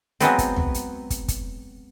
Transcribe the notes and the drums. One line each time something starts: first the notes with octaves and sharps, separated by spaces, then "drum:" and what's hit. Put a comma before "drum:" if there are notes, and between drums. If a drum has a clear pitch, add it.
F#3 G#3 B3 C4, drum: hi-hat
drum: kick, hi-hat
drum: tom
drum: hi-hat
drum: kick, hi-hat
drum: kick, hi-hat